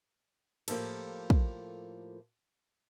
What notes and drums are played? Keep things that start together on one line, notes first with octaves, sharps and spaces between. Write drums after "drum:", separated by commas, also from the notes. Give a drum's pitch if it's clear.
A2 F3 A#3 G4 A4, drum: cymbal
drum: kick